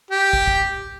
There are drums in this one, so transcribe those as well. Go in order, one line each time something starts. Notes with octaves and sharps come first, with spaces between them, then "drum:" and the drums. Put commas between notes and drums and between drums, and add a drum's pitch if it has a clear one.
G4
drum: kick
drum: kick